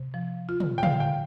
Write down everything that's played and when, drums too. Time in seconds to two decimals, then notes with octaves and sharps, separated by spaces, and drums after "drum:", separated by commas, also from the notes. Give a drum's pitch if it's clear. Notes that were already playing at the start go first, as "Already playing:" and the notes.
Already playing: C3
0.14 F3
0.49 F4
0.60 drum: tom
0.78 G5
0.83 D3 F5, drum: tom
1.00 G5